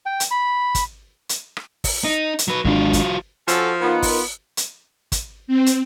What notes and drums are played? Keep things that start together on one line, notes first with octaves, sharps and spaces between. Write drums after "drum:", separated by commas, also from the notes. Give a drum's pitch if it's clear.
G5
drum: hi-hat
B5
drum: kick, hi-hat
drum: hi-hat
drum: rim click
drum: kick, open hi-hat
D#4
drum: hi-hat
F#3 B4
G#1 F#3 G#3 D4 F4
drum: kick, hi-hat
F3 C#4 F#4 A4, drum: hi-hat
B3 D#4 F4 A#4
drum: kick, open hi-hat
drum: hi-hat
drum: kick, hi-hat
C4
drum: hi-hat